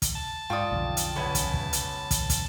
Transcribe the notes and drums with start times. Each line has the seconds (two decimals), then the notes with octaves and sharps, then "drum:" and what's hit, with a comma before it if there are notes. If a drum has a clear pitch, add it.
0.02 drum: kick, hi-hat
0.15 A5
0.50 G#2 F4 D5 G5 C#6 D#6
0.71 B1 F2 D3
0.97 drum: hi-hat
1.16 C#2 B3 C#4 E4
1.35 drum: kick, hi-hat
1.54 drum: kick
1.73 drum: hi-hat
2.11 drum: kick, hi-hat
2.30 drum: kick, hi-hat